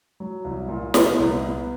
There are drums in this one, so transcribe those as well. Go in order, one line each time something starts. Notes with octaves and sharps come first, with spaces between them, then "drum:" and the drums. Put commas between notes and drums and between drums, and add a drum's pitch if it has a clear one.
F#3
C2
A#2
B3, drum: snare
C2
B3